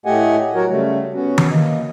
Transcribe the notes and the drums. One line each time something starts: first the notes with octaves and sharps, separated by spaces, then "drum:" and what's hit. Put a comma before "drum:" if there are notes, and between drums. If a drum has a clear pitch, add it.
A2 A3 G4 D#5 F#5 G#5
F#3 F#4 A#4 C#5
C#3 G3 A3
B3 C#4 F#4
drum: tom D#3
A#3 D#5